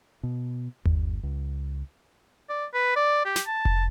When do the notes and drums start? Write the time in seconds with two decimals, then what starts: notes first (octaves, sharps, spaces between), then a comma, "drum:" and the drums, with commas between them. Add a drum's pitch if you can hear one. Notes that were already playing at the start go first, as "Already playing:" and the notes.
0.23 B2
0.85 G1, drum: tom D#2
1.23 C#2
2.49 D5
2.74 B4
2.96 D5
3.25 G4
3.36 drum: snare
3.47 A5
3.65 drum: kick F1